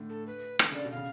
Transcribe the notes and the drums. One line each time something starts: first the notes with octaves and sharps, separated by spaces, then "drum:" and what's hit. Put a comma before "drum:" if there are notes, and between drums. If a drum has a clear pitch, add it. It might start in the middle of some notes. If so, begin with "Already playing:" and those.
Already playing: A2 D3
A4
B4
D3, drum: rim click
C#3 D5
B2
F5
C#3